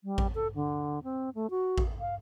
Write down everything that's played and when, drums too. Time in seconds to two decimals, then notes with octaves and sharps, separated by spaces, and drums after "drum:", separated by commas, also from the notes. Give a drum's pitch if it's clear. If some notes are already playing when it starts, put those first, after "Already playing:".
0.04 G3
0.18 drum: kick A1
0.35 A4
0.55 D3
1.03 C4
1.35 A3
1.50 F#4
1.78 drum: kick A1
2.00 F5